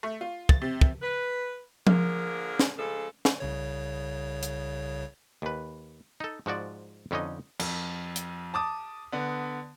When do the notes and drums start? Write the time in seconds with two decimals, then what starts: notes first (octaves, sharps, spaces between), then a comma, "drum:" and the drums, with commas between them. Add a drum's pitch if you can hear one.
0.03 A3
0.21 F4
0.49 A6, drum: kick
0.62 C3
0.81 drum: kick
1.02 B4
1.87 D3 F3 A#3 G#4 A#4, drum: tom F3
2.59 drum: snare
2.78 C#3 F3 G#3 A4
3.25 drum: snare
3.40 C2 C#3 C#5
4.43 drum: hi-hat
5.42 D#2 B4
6.20 D#4 A4
6.46 G#2 F3 F#4 D5
7.11 F2 D3 C#4 D#4 D#5
7.60 F2, drum: cymbal
8.16 drum: hi-hat
8.54 A5 D6 D#6
9.12 D3 B3